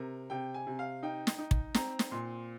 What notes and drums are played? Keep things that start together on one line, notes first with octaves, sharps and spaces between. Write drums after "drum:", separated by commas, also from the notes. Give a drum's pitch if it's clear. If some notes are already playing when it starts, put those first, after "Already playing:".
Already playing: C3 A#4
C3 G5
G#5
C3
F5
D#4 G5
drum: snare
D#4
drum: kick
C4 A#5, drum: snare
drum: snare
A#2 C6